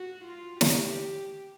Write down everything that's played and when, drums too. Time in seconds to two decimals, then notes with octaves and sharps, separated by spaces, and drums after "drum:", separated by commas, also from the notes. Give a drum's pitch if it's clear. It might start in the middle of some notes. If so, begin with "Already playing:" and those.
Already playing: F#4
0.25 F4
0.61 G4, drum: snare